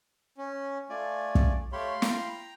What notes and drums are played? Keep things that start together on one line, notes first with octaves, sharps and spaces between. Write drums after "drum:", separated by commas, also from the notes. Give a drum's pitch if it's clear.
C#4
A3 F4 D5 G#5
drum: kick
A3 G4 C#5 F5 B5 C6
G5 A#5, drum: snare